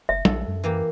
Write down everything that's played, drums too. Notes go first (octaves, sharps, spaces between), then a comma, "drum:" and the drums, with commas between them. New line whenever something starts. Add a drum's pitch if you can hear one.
F#1 E5
A#1 A4, drum: tom
F#2
E3 A#3 G4